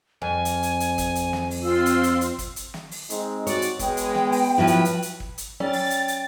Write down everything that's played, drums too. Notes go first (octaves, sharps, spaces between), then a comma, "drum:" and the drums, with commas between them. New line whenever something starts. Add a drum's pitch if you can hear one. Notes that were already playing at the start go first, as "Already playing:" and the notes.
F2 G#5
drum: hi-hat
drum: hi-hat
drum: hi-hat
drum: kick, hi-hat
drum: hi-hat
drum: snare
drum: open hi-hat
C4 F4 C6 E6
drum: hi-hat
drum: hi-hat
drum: hi-hat
drum: kick, hi-hat
drum: hi-hat
drum: snare
drum: open hi-hat
G#3 C4 D#4, drum: hi-hat
F#4 C#5 D5, drum: hi-hat
drum: hi-hat
G#3 B3 G5, drum: kick, hi-hat
drum: hi-hat
drum: snare
drum: open hi-hat
F3 F#3 E4 B4
drum: hi-hat
drum: hi-hat
drum: hi-hat
drum: kick
drum: hi-hat
F#3 C#4 D5 G5 A6
drum: open hi-hat
drum: hi-hat
drum: hi-hat